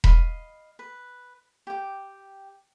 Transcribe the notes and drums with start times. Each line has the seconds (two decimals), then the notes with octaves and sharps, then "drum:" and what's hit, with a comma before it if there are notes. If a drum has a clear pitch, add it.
0.04 D#5 F5 B5, drum: kick E1
0.79 B4
1.67 G4 G5